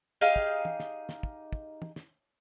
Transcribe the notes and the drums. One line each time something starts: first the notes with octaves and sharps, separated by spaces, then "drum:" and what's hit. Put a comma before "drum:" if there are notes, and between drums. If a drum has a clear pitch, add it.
D#4 G4 G#4 F5
drum: kick
drum: tom
drum: snare
drum: snare
drum: kick
drum: kick
drum: tom
drum: snare